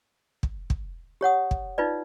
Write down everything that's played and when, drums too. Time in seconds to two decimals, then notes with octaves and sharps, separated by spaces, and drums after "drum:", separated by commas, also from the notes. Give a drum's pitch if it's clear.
0.43 drum: kick
0.70 drum: kick
1.21 G4 C#5 F#5 D#6
1.51 drum: kick
1.78 D#4 F4 B4 D5